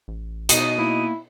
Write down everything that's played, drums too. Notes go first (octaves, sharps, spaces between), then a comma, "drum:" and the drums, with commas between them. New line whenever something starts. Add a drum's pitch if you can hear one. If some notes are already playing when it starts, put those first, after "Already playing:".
A1
B2 D#4 D#7, drum: hi-hat
A#3 E4